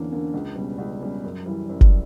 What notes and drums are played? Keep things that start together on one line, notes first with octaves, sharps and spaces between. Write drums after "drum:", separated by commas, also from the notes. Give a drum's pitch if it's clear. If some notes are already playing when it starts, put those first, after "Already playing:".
Already playing: E2 D3 A#3 C#4
D3 A#3 C#4
C#2
B2 G3 C#4
C#2
B2 G3 C#4
F#2
E3 G3
F#2
drum: kick F#1